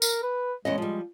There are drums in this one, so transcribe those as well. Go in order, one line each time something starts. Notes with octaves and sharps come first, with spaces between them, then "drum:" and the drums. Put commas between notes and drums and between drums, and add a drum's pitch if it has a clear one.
A#4, drum: tambourine
B4
E2 G#3 C#4 D#5
F3 G3